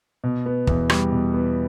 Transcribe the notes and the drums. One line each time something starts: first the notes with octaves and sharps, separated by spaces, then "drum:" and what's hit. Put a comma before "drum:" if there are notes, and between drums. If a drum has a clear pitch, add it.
B2
B3
E2, drum: kick
G3, drum: rim click
B2
B3